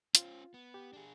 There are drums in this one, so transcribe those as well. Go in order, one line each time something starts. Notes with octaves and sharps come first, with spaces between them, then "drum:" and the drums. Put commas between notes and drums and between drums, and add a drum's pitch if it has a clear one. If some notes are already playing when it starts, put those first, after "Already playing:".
C#4 F4 C5, drum: hi-hat
B3
G4
D4 G#4